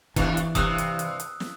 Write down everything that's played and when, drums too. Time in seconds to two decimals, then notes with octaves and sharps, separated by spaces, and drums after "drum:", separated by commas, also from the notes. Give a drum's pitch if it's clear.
0.16 E2 G2 E3 D4, drum: kick F1, hi-hat
0.37 drum: hi-hat
0.55 G2 C3 D#6 E6 F#6, drum: kick F1, hi-hat
0.78 drum: hi-hat
0.99 drum: hi-hat
1.20 drum: hi-hat
1.40 drum: snare